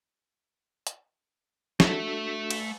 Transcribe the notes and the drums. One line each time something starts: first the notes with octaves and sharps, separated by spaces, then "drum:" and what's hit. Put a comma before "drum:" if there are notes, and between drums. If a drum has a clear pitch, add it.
drum: hi-hat
A3 D4 F#4 A4 E5, drum: snare
drum: cymbal